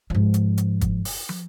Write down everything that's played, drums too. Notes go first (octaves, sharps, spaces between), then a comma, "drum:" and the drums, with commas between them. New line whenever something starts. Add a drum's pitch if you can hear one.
G#2 F3
drum: hi-hat
drum: hi-hat
drum: kick, hi-hat
drum: open hi-hat
drum: tom